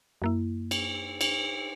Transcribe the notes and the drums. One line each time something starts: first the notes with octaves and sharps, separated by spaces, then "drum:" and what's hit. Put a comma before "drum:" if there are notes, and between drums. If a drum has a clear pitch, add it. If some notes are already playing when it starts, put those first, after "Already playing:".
F#2 A#3 E4
drum: cymbal
drum: cymbal